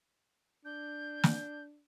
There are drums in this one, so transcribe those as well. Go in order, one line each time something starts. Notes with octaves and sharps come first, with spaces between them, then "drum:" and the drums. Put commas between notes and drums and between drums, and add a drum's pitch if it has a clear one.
D4 G6
drum: snare